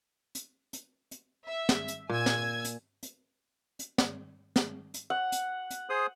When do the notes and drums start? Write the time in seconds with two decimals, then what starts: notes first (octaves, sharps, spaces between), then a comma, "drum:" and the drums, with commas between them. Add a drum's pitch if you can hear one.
0.35 drum: hi-hat
0.73 drum: hi-hat
1.11 drum: hi-hat
1.46 E5
1.69 drum: snare
1.88 drum: hi-hat
2.10 A#2 G#5 E6 G#6
2.26 drum: snare
2.64 drum: hi-hat
3.03 drum: hi-hat
3.79 drum: hi-hat
3.98 drum: snare
4.56 drum: snare
4.94 drum: hi-hat
5.10 F#5
5.32 drum: hi-hat
5.70 drum: hi-hat
5.90 G#4 C5 D#6